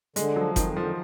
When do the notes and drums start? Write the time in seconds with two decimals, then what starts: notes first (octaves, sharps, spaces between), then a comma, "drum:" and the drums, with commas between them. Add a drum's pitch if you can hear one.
0.16 D3 G#3, drum: hi-hat
0.36 F3 F#3
0.56 F2 D#3, drum: kick F#1, hi-hat
0.76 D3 F3